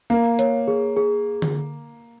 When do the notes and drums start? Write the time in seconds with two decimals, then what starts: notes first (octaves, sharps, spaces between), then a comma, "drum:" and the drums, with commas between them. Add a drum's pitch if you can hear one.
0.10 A#3 F5
0.39 C#5, drum: hi-hat
0.68 G#4
0.97 G#4
1.42 drum: tom D3